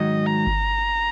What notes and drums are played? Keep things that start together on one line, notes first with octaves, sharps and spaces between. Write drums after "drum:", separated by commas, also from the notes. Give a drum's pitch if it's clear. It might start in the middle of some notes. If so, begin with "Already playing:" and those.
Already playing: G#2 D#3 F#3 D#5
A#5
drum: kick G1